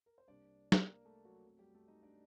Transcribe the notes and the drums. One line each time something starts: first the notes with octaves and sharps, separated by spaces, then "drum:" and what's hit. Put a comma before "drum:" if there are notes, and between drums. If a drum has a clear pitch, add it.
A#4
C5
C2 C3 G3 A#3 D4 D5
drum: snare
A#3 A#4
A3 A4
F#3 F#4
F#2 F#3 A3 C4
G3 G4
A3 A4
D#4 D#5
D4 D5